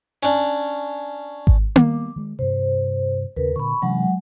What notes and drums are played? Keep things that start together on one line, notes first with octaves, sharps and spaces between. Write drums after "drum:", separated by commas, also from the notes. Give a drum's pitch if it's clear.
C#4 D4
drum: kick G#1
G3 B3 D6, drum: tom A#3
D#3 G#3
G2 C3 C5
D#2 C#3 A#4 B4
A#2 D3 B5 C#6
C3 E3 F#3 G#3 C#4 F#5